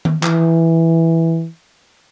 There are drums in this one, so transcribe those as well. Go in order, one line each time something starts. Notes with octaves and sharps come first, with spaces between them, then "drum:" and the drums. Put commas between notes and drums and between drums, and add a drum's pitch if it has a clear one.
drum: tom D#3
E3, drum: clap